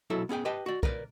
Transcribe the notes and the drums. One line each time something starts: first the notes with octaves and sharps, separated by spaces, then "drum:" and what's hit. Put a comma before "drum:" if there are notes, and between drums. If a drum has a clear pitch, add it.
B1 F#3 E4 A4 E5
B3 C#4 G#4 G5
G4 B4 D#5 G5 A5
F#4 D5
A#4 B4 D5, drum: kick